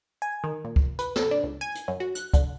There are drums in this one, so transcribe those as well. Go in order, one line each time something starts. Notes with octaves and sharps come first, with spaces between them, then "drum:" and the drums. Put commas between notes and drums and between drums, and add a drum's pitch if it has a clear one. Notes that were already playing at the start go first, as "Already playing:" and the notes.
G#5
D#3
A#2
drum: kick
B4, drum: hi-hat
A4, drum: snare
D4
C#2
G#5
drum: hi-hat
F#2
F#4
F#6, drum: hi-hat
D3, drum: kick, hi-hat